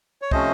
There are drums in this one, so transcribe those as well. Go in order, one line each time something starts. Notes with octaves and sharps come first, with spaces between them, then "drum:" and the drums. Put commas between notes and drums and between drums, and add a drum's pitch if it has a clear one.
C#5
C3 F3 A3 C#4 C5 D#5, drum: kick